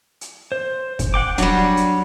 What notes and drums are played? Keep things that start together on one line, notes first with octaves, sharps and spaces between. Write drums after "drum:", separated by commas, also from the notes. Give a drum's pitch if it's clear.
drum: hi-hat
C5
drum: kick, hi-hat
F#5 G5 D6
F#3 G3 D4 D5, drum: hi-hat
drum: hi-hat